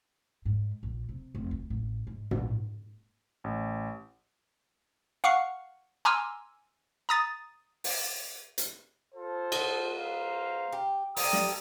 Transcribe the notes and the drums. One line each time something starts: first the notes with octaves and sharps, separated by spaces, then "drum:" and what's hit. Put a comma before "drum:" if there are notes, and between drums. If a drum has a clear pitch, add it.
G#2
A#1
C3
F1
D2
A1
G#2
A#1, drum: tom
A1
F5 F#5 C#6 C7 C#7
G#5 A#5 C6 D6 E6 F6
A#5 D#6 A6
drum: open hi-hat
drum: hi-hat
F4 A4 C5
G#3 B3, drum: cymbal
C5 F5 A#5
G4
G3 G4 A4 A#5 D#6, drum: open hi-hat
drum: snare